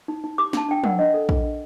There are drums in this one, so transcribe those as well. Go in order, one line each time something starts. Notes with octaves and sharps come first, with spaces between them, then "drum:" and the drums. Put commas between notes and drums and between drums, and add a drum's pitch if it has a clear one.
D#4
D#4
G4 D6
D4 A5, drum: snare
D4 G5
A#4 F#5, drum: tom
D4 D#5
A4
D4, drum: kick
D4